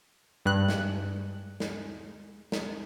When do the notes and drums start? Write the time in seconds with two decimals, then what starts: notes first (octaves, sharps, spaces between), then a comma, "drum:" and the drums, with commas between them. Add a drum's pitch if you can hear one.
0.46 G2 F#6
0.68 drum: snare
1.60 drum: snare
2.52 drum: snare